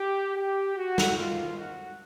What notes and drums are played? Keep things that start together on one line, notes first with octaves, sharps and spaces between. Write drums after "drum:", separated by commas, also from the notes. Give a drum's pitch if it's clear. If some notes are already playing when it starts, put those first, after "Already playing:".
Already playing: G4
G4
F#4
drum: snare
G#2 D#3 F4
F#4